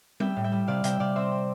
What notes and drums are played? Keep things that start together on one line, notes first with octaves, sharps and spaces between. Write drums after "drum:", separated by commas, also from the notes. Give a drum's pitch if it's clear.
G3 E5 G5, drum: tom G3
A2
E5 G5
G3
C3 D5 F5
C3 E5 G5, drum: hi-hat
C3 D5 F5
C4 C5 E5
C4